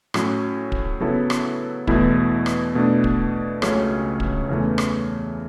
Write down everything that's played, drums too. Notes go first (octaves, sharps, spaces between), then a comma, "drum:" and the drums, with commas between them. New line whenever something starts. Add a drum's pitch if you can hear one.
A2 F#3 C#4, drum: rim click
drum: kick
C#3 F#3 B3 E4 A4
drum: rim click
E2 B2 A3 E4, drum: kick
drum: rim click
B2 A3 D4
drum: kick
C#2 C#3 F#3 A3 C#4, drum: rim click
drum: kick
E2 C#3 E3 A3
drum: rim click